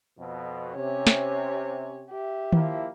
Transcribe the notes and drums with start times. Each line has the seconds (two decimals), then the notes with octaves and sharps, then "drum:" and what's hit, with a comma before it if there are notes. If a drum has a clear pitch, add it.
0.18 F2 B2
0.76 C3 C#4 C#5
1.07 drum: snare
2.11 G4 E5
2.52 F3 A#3 E4, drum: tom D#3